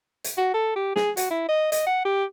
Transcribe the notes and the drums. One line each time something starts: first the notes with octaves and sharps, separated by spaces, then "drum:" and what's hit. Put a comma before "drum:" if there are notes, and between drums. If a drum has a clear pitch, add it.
drum: hi-hat
F#4
A4
G4
G#4, drum: snare
F#4, drum: hi-hat
E4
D#5
D#5, drum: hi-hat
F#5
G4